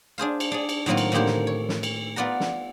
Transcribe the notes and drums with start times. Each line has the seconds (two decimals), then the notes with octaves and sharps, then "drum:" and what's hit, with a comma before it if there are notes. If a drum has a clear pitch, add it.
0.18 D4 G#4 C5 F5
0.40 drum: cymbal
0.52 D4 G#4
0.69 drum: cymbal
0.86 A2 D#3 F#3 A#3 C4 F4
0.97 drum: cymbal
1.12 A2 D3 D#3 A#3 G4 C5
1.26 drum: snare
1.47 C#5
1.69 drum: snare
1.83 drum: cymbal
2.16 B3 F4 D5 F#5 A#5
2.40 drum: snare